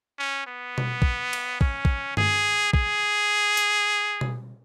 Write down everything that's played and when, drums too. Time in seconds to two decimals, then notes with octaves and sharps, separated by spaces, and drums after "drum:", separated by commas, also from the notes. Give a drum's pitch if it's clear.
0.19 C#4
0.47 B3
0.78 drum: tom B2
1.02 drum: kick
1.33 drum: cymbal
1.61 C#4, drum: kick
1.85 drum: kick
2.17 G#4, drum: tom G2
2.73 G#4, drum: kick
3.57 drum: hi-hat
4.21 drum: tom B2